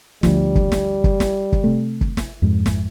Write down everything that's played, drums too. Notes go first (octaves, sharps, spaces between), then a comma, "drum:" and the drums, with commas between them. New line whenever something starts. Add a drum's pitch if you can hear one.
D2 F3 G3, drum: snare
drum: kick
drum: snare
drum: kick
drum: snare
drum: kick
C3 A3
drum: kick
drum: snare
F2 G#2
drum: snare